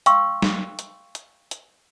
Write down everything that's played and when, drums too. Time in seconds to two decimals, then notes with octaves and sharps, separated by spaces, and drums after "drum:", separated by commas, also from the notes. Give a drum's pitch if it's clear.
0.06 F5 G5 C6 C#6 E6, drum: hi-hat
0.42 drum: snare
0.79 drum: hi-hat
1.15 drum: hi-hat
1.51 drum: hi-hat